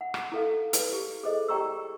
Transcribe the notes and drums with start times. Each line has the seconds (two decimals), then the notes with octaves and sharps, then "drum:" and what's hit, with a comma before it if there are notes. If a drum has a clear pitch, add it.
0.01 F#5
0.14 drum: rim click
0.32 E4 A4 F5
0.73 E4 B4 D5, drum: hi-hat
0.93 G4
1.23 G#4 A4 C5 D#5
1.48 G4 D5 G5 A#5 C#6 E6